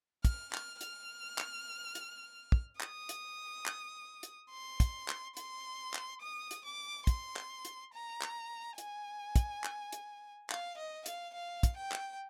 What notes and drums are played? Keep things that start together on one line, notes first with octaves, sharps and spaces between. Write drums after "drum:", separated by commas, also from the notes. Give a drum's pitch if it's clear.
F6, drum: kick, hi-hat
F6, drum: clap
F6, drum: hi-hat
drum: clap
drum: hi-hat
drum: kick
D#6, drum: clap
drum: hi-hat
drum: clap
drum: hi-hat
C6
drum: kick, hi-hat
drum: clap
C6, drum: hi-hat
drum: clap
D#6
drum: hi-hat
D6
C6, drum: kick, hi-hat
drum: clap
drum: hi-hat
A#5
drum: clap
G#5, drum: hi-hat
drum: kick, hi-hat
drum: clap
drum: hi-hat
F5, drum: clap
D#5
F5, drum: hi-hat
F5
drum: kick, hi-hat
G5
drum: clap